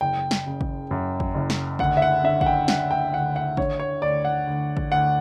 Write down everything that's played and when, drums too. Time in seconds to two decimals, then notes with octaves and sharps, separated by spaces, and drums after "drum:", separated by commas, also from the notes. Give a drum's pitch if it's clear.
0.01 F#1 G5
0.31 drum: snare
0.46 C#3
0.61 drum: kick G#1
0.91 F#2
1.20 drum: kick G#1
1.34 F#1
1.50 drum: snare
1.79 D2 F#5, drum: kick G#1
1.97 E5
2.02 F#5
2.24 D3 E5
2.41 F#5, drum: kick G#1
2.46 G5
2.68 D3 F#5, drum: snare
2.91 G5
3.13 D2 F#5
3.36 F#5
3.57 D3 C#5, drum: kick G#1
3.80 C#5
4.02 D2 D5
4.25 F#5
4.47 D2
4.77 drum: kick G#1
4.91 D2 F#5